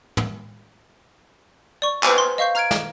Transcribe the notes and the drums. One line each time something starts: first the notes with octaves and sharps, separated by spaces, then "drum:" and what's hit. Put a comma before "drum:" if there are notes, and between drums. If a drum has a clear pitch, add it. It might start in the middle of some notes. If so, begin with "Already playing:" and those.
drum: tom
D5 C#6
B4 C5 G5 G#5, drum: clap
C6
D#5 F5 C#6 G6 C7
A#5 F6 G#6 D7, drum: hi-hat
drum: snare